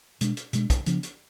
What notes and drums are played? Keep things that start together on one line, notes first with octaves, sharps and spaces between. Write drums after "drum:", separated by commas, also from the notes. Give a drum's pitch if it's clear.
B2 G#3 D4, drum: hi-hat
drum: hi-hat
B2 G#3 D4, drum: hi-hat
drum: kick, hi-hat
C#3 F3 B3 D4, drum: hi-hat
drum: hi-hat